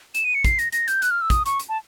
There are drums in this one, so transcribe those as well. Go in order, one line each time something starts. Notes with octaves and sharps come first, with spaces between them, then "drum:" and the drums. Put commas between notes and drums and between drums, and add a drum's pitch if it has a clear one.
E7, drum: hi-hat
D#7
C#7
C7, drum: kick, hi-hat
A#6, drum: hi-hat
A#6, drum: hi-hat
G6, drum: hi-hat
F#6, drum: hi-hat
F6
E6
D#6, drum: kick, hi-hat
C#6, drum: hi-hat
drum: hi-hat
A5